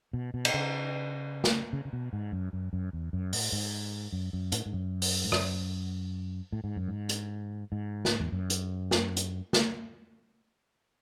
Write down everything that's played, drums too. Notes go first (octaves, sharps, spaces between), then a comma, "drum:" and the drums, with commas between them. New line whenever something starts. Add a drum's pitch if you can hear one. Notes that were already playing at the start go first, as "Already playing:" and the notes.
B2
B2
drum: cymbal
C#3
drum: snare
C#3
C#3
B2
G#2
F#2
F#2
F#2
E2
F#2
A2, drum: open hi-hat
G#2
F#2
F#2
A2, drum: hi-hat
G#2
F#2
drum: open hi-hat
G#2
F#2, drum: rim click
A2
G#2
F#2
G#2
drum: hi-hat
G#2
drum: snare
E2
F#2
drum: hi-hat
drum: snare
drum: hi-hat
drum: snare